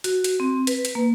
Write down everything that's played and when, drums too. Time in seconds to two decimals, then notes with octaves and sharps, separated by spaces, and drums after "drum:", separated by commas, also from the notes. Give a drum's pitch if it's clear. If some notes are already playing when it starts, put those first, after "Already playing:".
0.04 F#4, drum: hi-hat
0.24 drum: hi-hat
0.40 C4
0.67 B4, drum: hi-hat
0.85 drum: hi-hat
0.95 A#3